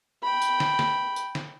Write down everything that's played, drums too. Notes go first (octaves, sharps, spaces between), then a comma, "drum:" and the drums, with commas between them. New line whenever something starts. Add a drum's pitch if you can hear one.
G5 B5
drum: tambourine
drum: snare
drum: snare
drum: tambourine
drum: snare